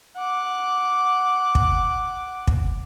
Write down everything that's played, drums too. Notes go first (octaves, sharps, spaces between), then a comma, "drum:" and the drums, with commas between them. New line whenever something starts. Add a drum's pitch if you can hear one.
F#5 D6
drum: kick
drum: kick